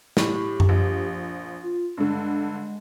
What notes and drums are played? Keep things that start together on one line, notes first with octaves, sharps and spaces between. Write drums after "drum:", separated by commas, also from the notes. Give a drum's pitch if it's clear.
A2 G4, drum: snare
drum: tom F#2
A#1
F4
G2 D3 G#3